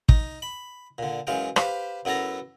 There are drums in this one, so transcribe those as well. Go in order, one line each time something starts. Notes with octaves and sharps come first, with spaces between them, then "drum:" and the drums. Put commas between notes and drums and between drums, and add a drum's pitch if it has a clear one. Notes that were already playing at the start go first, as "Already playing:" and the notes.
D#4, drum: kick
B5
A#2 D3
F#2 E3 G#3 F5 G5
G4 B4 C5 F5, drum: rim click
F#2 B3 E4 A4 A#5